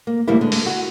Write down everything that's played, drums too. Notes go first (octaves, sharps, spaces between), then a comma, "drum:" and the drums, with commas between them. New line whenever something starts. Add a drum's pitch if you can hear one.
A#3
D2 B2 E3 G3 A#3 E4
D3 G#3
drum: open hi-hat
F#4